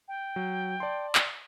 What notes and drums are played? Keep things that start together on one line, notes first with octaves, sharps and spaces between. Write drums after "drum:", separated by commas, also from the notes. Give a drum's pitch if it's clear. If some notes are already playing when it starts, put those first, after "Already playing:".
G5
F#3
D5 A5 C6
drum: clap